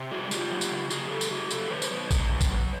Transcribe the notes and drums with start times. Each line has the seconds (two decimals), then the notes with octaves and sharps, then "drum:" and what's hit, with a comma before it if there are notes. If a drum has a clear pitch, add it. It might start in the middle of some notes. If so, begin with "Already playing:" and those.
Already playing: C3
0.11 G3 F#4 G#4
0.31 C#3 F4 G4, drum: tambourine
0.51 F#3
0.61 drum: tambourine
0.71 C#3
0.90 C#3 F#4 G#4, drum: tambourine
1.11 C#3 G4 A4
1.21 drum: tambourine
1.31 C#3 F#4 G#4
1.51 C3 G4 A4, drum: tambourine
1.71 D#3 B4 C#5
1.82 C5, drum: tambourine
1.91 F#3 B4 C#5
2.11 C#3, drum: kick, tambourine
2.30 C#3
2.41 drum: kick, tambourine
2.51 F#3